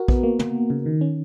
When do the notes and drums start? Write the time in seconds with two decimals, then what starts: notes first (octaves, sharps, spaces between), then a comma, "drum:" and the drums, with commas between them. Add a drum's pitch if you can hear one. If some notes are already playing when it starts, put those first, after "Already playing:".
Already playing: F#4 A#4
0.08 B3, drum: kick A#1
0.23 A#3
0.39 A#3, drum: tom
0.70 C#3
0.86 D#3
1.01 C#4